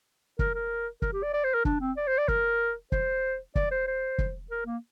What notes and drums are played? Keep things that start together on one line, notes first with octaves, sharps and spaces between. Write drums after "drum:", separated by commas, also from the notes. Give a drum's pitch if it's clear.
A#4, drum: kick
A#4
A#4, drum: kick
G4
D5
D5
C5
A#4
D4, drum: kick
C4
D5
C5
D5
A#4, drum: kick
C5, drum: kick
D5, drum: kick
C5
C5
drum: kick
A#4
A#3